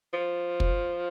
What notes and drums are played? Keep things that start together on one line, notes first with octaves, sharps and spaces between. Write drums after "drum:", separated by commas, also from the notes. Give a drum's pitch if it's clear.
F3
drum: kick